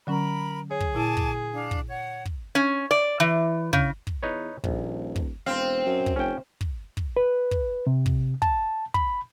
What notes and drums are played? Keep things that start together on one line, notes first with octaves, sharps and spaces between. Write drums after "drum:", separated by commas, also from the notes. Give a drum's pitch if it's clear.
D3 F#3 C#4 A#4 B5
G#4 C#5
drum: kick
A#2 E4 G#5 A5 D6
drum: kick
D4 F5
drum: kick
C#5 F#5
drum: kick
C#4
D5
E3
C#3, drum: kick
drum: kick
E2 D#4 B4 C#5
D#1 A#1, drum: kick
drum: kick
E1 C4 C5 F5
F#2
drum: kick
F1 C#4 G5
drum: kick
drum: kick
B4
drum: kick
C3
drum: kick
A5, drum: kick
B5, drum: kick